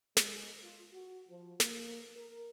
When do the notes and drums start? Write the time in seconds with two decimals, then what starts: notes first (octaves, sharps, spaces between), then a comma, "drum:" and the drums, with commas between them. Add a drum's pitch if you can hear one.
0.17 G#3, drum: snare
0.62 F4
0.92 F#4
1.29 F3
1.60 A#3, drum: snare
2.16 A#4